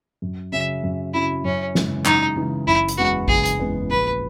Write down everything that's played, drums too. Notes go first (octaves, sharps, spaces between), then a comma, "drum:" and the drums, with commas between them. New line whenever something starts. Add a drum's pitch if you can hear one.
F#2
C#3 F#3 C#4 E5
F#2
C#3 F#3 C#4 E4
F#2 C#4
C#3 E3 G#3, drum: snare
F#2 D#4, drum: clap
C#3 E3 G#3
F#1 E4
drum: hi-hat
E2 C#3 G#3 B3 F#4
F#1 G#4, drum: kick A1
drum: hi-hat
E2 C#3 G#3 B3
A#1 B4